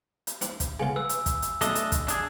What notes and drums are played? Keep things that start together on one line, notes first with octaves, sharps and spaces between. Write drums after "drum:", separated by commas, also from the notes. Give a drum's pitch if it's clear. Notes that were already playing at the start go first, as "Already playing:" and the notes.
drum: hi-hat
C4 D4, drum: hi-hat
drum: kick, hi-hat
C#3 B3 F4 G#5
B4 E6
drum: hi-hat
drum: kick, hi-hat
drum: hi-hat
B1 A3 D4 D#5 A#5, drum: hi-hat
drum: hi-hat
drum: kick, hi-hat
D4 G#4, drum: hi-hat